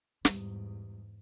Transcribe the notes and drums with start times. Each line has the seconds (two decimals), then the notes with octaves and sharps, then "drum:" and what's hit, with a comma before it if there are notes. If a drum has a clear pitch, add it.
0.25 E2 G#2 G3, drum: snare